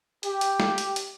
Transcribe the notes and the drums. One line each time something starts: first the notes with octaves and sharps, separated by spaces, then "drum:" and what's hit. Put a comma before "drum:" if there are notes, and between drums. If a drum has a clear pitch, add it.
G4, drum: hi-hat
drum: hi-hat
drum: snare
drum: hi-hat
drum: hi-hat